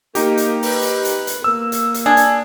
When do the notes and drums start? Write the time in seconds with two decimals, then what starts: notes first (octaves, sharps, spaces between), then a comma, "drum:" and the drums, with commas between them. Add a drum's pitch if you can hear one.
0.15 A#3 D#4 G4, drum: hi-hat
0.37 drum: hi-hat
0.63 B4, drum: open hi-hat
0.82 drum: hi-hat
1.05 drum: hi-hat
1.27 drum: hi-hat
1.44 A#3 E6
1.72 drum: hi-hat
1.94 drum: hi-hat
2.06 D4 G#4
2.17 drum: hi-hat